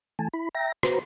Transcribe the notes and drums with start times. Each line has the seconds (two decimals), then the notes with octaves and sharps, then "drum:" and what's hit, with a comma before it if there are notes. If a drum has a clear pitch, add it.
0.19 E3 A3 G#5 A5
0.34 E4 B5
0.55 E5 G5 A#5 A#6
0.83 F#4 B4 C5 A#5, drum: rim click